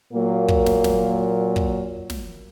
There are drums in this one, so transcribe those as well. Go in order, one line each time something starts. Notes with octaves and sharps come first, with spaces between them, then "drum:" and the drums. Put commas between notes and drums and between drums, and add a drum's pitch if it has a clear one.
A#2 F#3 A#3
drum: kick
drum: snare
drum: snare
drum: kick
drum: snare